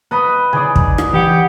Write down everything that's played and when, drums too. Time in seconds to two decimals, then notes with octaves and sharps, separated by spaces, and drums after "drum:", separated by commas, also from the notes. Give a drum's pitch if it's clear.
0.11 B3 B4 D#5 B5
0.53 C#3 D#4 G#4 D5
0.76 drum: kick
0.98 drum: rim click
1.13 E3 G4 F#5